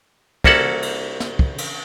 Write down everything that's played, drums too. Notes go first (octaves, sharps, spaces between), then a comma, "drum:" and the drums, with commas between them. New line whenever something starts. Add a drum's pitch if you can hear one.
C2 A#3 C#4 F#4 A4 F#5, drum: kick, cymbal
drum: cymbal
drum: snare
drum: kick
drum: cymbal